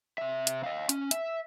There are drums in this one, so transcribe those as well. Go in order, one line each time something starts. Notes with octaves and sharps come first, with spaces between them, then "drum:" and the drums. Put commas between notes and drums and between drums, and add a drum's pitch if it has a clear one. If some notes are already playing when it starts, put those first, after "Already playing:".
C3 E5
drum: hi-hat
D#5 F5
C#4, drum: hi-hat
E5, drum: hi-hat